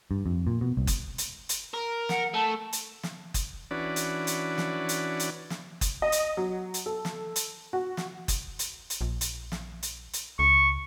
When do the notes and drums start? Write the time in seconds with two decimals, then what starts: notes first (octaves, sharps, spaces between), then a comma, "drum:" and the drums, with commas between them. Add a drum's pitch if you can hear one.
0.11 G2
0.26 F2
0.47 A#2
0.61 B2
0.77 C2
0.87 drum: kick F#1, hi-hat
1.18 drum: hi-hat
1.49 drum: hi-hat
1.74 A#4
2.09 F#5, drum: snare
2.34 A3 A5
2.73 drum: hi-hat
3.03 drum: snare
3.34 drum: kick F#1, hi-hat
3.71 E3 C#4 D4 F#4 B4 D5
3.96 drum: hi-hat
4.27 drum: hi-hat
4.58 drum: snare
4.89 drum: hi-hat
5.19 drum: hi-hat
5.50 drum: snare
5.81 drum: kick F#1, hi-hat
6.02 D#5
6.12 drum: hi-hat
6.37 F#3
6.74 drum: hi-hat
6.86 A4
7.05 drum: snare
7.36 drum: hi-hat
7.73 F#4
7.97 drum: snare
8.28 drum: kick F#1, hi-hat
8.59 drum: hi-hat
8.90 drum: hi-hat
9.01 A#1
9.21 drum: hi-hat
9.52 drum: snare
9.83 drum: hi-hat
10.13 drum: hi-hat
10.39 C#2 C#6